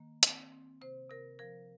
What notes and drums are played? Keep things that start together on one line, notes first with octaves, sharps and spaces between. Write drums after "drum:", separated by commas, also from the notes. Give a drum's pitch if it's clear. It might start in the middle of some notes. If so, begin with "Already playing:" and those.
Already playing: D#3 A#3
C4, drum: hi-hat
C4
C3 C5
C3 A#4
F3 A#4